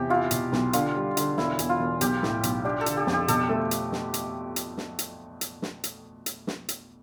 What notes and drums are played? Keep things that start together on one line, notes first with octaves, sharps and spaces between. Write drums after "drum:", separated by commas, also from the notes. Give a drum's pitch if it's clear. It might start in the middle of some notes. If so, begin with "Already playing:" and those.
Already playing: E2 C3 G4
E4 F4
B2, drum: hi-hat
B1, drum: snare
D3 F4, drum: hi-hat
G3
D3, drum: hi-hat
E1 E4, drum: snare
E2, drum: hi-hat
F4
E1
B1 G4, drum: hi-hat
A2, drum: snare
B1, drum: hi-hat
D4 G4
A4
D3, drum: hi-hat
G4
F2, drum: snare
G4
B2 A4, drum: hi-hat
A3
drum: hi-hat
drum: snare
drum: hi-hat
drum: hi-hat
drum: snare
drum: hi-hat
drum: hi-hat
drum: snare
drum: hi-hat
drum: hi-hat
drum: snare
drum: hi-hat